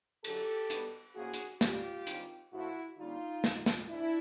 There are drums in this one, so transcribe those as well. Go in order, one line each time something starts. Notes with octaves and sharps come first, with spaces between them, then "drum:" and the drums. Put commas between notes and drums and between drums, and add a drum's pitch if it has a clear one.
F#2 D3 F#3 G4 A4, drum: cymbal
B2 G3 B3, drum: hi-hat
A2 F3 A#3 C#4 F#4 G#4
drum: hi-hat
A#2 G3 A#3 C#4 F4 G4, drum: snare
G2 D#3 G#3 C4, drum: hi-hat
A2 F3 A3 E4 F#4
D3 G3 A#3 C#4 D#4 F4
C3 D#3 F#3, drum: snare
drum: snare
G#2 D4 E4